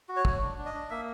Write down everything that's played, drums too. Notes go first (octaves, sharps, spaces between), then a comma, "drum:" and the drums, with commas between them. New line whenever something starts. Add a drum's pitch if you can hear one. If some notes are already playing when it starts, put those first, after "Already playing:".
F#4
C#5
A3, drum: kick
D4
D4
D#5
D4
A#3 E5